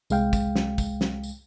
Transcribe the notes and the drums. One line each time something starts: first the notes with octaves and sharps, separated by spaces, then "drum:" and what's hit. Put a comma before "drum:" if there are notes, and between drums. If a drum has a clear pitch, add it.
C2 G#3 F5 G5, drum: tambourine
drum: kick, tambourine
drum: snare
drum: kick, tambourine
drum: snare
drum: tambourine